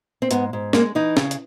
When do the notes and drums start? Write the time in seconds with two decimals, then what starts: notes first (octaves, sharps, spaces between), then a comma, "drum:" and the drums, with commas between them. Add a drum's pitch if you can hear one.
0.22 C4
0.31 G#2 B3, drum: hi-hat
0.53 G#2
0.73 G#3 A#3, drum: snare
0.95 E3 D#4
1.17 C#3, drum: snare
1.31 drum: hi-hat